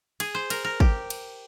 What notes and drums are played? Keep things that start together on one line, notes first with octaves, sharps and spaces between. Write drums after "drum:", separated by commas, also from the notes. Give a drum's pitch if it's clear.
G#4, drum: cymbal
C5
A#4, drum: cymbal
A#4
G4, drum: kick
drum: cymbal